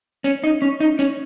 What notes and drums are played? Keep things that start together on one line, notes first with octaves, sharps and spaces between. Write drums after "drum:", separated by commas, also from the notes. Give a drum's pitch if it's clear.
C#4, drum: tambourine
D#4
C#4
D#4
C#4, drum: tambourine